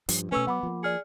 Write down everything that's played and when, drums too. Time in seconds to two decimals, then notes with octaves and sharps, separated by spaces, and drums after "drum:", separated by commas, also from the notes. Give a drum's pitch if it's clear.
0.09 G2 F3, drum: hi-hat
0.32 B2 A3 C#4 B4 C#6 E6
0.47 F#3 B3 F#5 B5 D6
0.63 F3 A#3
0.83 G#4 D5 F6 C#7